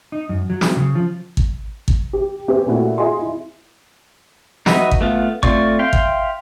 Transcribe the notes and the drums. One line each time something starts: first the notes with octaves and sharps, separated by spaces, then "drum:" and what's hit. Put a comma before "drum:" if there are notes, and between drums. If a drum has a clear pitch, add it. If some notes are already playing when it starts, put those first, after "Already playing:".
D#4
F#2
F#3
drum: snare
C#3
F3
drum: kick
drum: kick
G4
C4 C#4 G4 B4
A#2 A3 C#4 E4 F#4
F4 G#4 D#5 G#5 C6
E4
D#4 F#4 B4 D#5 E5, drum: snare
drum: kick
A3 B3 F4
A3 C4 F4 D5 C#6, drum: kick
E5 F5 G5 C6
drum: kick